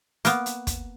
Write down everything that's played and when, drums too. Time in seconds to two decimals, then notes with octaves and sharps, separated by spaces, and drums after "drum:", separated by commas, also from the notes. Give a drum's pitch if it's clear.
0.25 A#3 B3, drum: hi-hat
0.46 drum: hi-hat
0.67 drum: kick, hi-hat